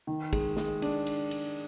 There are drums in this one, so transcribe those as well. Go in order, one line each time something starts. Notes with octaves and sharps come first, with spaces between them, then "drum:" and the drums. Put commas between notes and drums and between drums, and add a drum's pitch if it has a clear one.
D#3
G#3, drum: kick, cymbal
G#3, drum: snare
D4, drum: cymbal
drum: cymbal
drum: cymbal